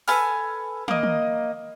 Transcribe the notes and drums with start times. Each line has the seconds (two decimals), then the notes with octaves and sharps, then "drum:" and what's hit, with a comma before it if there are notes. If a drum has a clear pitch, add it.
0.08 A4 B4 G#5 F6, drum: open hi-hat
0.88 A#3 D#5, drum: tom
1.03 drum: tom